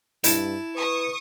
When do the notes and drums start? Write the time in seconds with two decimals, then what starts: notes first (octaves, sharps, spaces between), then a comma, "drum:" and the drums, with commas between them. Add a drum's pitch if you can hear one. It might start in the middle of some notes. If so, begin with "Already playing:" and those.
0.24 G2 E4 A5, drum: hi-hat
0.75 B4 C#6 D#6